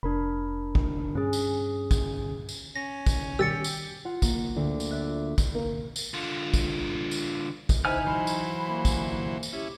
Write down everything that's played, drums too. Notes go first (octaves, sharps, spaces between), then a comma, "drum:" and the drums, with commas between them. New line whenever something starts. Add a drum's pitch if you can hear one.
F1 D4 A#4 B5
drum: kick
G2 C#4 G#4
drum: tambourine
drum: kick, tambourine
drum: tambourine
C#4 A#6
drum: kick, tambourine
B2 D#3 G3 G4 E6 A6 C#7
drum: tambourine
F4 F#5
A#3, drum: kick, tambourine
D2
drum: tambourine
D5 E5 F#6
drum: kick, tambourine
A#3
drum: tambourine
D3 F4
drum: kick, tambourine
drum: tambourine
drum: kick, tambourine
D#4 E4 B4 C5 G#5 F6
E3 F#3 C5 B5
drum: tambourine
C2 A#3
drum: kick, tambourine
drum: tambourine
C#4 E4 G4